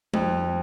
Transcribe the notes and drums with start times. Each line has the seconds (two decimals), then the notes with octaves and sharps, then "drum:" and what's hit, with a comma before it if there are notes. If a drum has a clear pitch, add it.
0.14 F2, drum: tom G3